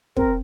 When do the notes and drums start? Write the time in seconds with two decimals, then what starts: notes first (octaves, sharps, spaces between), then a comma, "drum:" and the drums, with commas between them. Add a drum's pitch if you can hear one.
0.17 C4 A#4, drum: kick